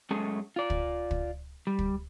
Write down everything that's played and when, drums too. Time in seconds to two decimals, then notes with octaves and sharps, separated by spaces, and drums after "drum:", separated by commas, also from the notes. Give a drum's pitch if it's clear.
0.11 F#2 G#3 A3 C#4 G#4 A4
0.56 F4 D5
0.70 drum: kick
1.11 drum: kick
1.67 G3
1.79 drum: kick